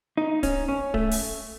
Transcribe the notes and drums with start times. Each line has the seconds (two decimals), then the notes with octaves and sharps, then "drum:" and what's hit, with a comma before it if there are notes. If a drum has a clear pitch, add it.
0.17 D#4
0.43 C#4, drum: kick D1, hi-hat
0.68 C#4
0.94 A3, drum: kick D1
1.11 drum: open hi-hat